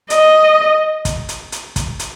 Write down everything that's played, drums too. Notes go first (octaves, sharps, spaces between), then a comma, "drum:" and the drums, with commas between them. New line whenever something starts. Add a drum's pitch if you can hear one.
D#5, drum: hi-hat
drum: kick, hi-hat
drum: hi-hat
drum: hi-hat
drum: kick, hi-hat
drum: hi-hat